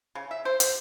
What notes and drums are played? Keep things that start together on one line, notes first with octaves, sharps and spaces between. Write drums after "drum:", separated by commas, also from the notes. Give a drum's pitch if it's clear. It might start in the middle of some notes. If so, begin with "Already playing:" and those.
C#3
E5
C5
C5, drum: hi-hat